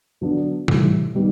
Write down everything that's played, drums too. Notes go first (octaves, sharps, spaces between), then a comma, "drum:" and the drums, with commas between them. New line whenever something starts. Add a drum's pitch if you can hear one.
D3 F#3 B3 D4
A2 E3 G3, drum: tom C3
D#3 G3 B3